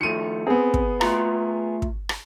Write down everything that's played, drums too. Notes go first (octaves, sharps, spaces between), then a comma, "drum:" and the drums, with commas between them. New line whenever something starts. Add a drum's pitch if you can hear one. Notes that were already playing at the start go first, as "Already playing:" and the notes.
D#3 F3 A3 C#7 D#7
B3 C4 G#4
drum: kick
A3 F4 A#5, drum: rim click
drum: kick
drum: rim click